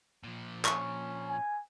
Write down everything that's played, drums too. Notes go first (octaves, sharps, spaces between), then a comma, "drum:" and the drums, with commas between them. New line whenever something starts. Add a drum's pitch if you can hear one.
A#2 F3
C#4 C#6, drum: clap
G#5